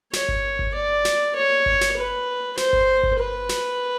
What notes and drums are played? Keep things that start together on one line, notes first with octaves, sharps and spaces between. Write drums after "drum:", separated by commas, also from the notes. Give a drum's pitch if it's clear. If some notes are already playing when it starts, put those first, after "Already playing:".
C#5, drum: snare
drum: kick G1
drum: kick G1
D5
drum: snare
C#5
drum: kick G1
drum: snare
B4
C5, drum: snare
drum: kick G1
drum: kick G1
B4
drum: snare